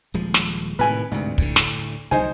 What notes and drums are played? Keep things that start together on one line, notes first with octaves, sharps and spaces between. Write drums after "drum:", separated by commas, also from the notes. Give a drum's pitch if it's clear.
D#1 F3 G#3
drum: snare
A2 C3 D#3 B4 G#5
D2 G#2 C3
A2 D3, drum: kick
drum: snare
C2 C#3 F#3 D#4 C5 G#5